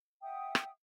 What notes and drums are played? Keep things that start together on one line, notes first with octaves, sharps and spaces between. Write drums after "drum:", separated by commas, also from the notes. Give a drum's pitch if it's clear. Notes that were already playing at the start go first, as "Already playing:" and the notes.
E5 F#5 G5 D#6
drum: rim click